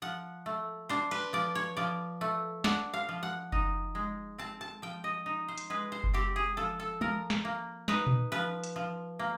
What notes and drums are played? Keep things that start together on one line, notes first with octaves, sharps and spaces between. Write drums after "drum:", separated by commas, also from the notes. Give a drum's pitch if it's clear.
F3 F#5
A3
D4 C5
B4, drum: cymbal
F3 D5
C#5
F3 D5
A3
D4 F#5, drum: snare
F5
F3
F#5
D#4, drum: kick F#1
G#3
C4 A5
A5
F3 G5
D#5
D#4
C5
drum: hi-hat
G#3 B4
C5
drum: kick F#1
C4 G4
G#4
F3 A4
A4
F3 A#4, drum: tom
drum: snare
A#3
D#4 B4, drum: snare
drum: tom A#2
F3 B4
drum: hi-hat
F3
A#3